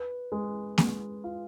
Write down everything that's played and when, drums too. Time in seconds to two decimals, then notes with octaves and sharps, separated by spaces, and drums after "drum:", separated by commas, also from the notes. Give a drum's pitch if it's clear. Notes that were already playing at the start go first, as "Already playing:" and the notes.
Already playing: B4
0.32 G#3
0.78 G#3, drum: snare A#3
1.24 F4